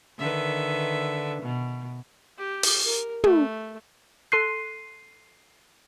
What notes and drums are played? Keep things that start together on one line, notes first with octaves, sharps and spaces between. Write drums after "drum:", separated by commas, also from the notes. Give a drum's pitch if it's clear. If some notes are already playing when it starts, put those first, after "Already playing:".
D3 D#3 B4 E5
B2
G4
drum: open hi-hat
A#4
A3, drum: tom
A4 C6 F#6 C7 D#7